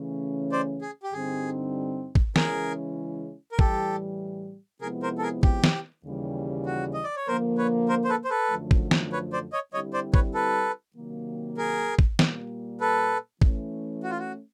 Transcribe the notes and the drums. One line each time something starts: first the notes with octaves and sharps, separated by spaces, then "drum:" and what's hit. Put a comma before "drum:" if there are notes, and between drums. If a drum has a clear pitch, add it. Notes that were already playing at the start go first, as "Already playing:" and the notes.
Already playing: C#3 E3 A3 C#4
C5 D5
G#4
G4
G2 D3 G3 C4 D#4 G#4
drum: kick
C#3 E3 G#3 C#4 E4 G#4 A#4, drum: snare
A#4
A2 E3 G3 G4 A4, drum: kick
C3 F3 G#3 B3 E4 G#4 A#4
A#4 C5
A4
G#4 A#4
G4, drum: kick
drum: snare
D#2 C#3 E3 G3
F#4
D#5
D5
C#5
D3 F3 A#3 A#4 C5
B4 C#5
A#4 C5
C5
A4 B4
C5
A4 B4
F#2 D3 F3 A3
drum: kick
drum: snare
B4 C#5
C5 D5
C#5 D#5
D3 G3 C4 E4 G4 C#5 D#5
C5 D5
B4 C#5, drum: kick
A4 B4
C3 D#3 F#3 A#3
G#4 A#4
drum: kick
A#2 G3 A#3, drum: snare
A4 B4
E3 A3 C#4, drum: kick
F#4
F4
F#4